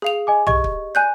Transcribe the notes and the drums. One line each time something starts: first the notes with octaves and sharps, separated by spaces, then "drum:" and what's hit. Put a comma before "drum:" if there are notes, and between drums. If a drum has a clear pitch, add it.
G#4 F5 F7
D#5 G#5 D6
G4 D#5 C#6, drum: tom B1
drum: kick
D5 G#5 F#6 G6